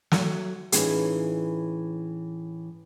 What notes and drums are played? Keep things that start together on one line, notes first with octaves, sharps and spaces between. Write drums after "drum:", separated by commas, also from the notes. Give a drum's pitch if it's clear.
F#3 A3, drum: snare
A2 E3 C#4 D#4 F4 G#4, drum: hi-hat